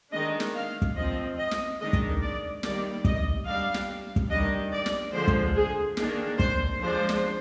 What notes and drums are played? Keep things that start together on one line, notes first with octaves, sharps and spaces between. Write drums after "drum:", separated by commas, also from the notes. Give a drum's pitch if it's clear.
D#3 G#3 D4 D#5
drum: snare
F5
drum: kick
F3 C4 D#5
D#5
drum: snare
D#3 G#3 D4 D#5
drum: kick
D5
D#3 G3 A#3 D5, drum: snare
D#5, drum: kick
G3 D4 F5
drum: snare
drum: kick
D#3 G3 D4 D#5
D5
drum: snare
D3 F3 G#3 C5
drum: kick
G#4
D#3 A#3 D4 G#4, drum: snare
C5, drum: kick
F3 G#3 D4 C5
drum: snare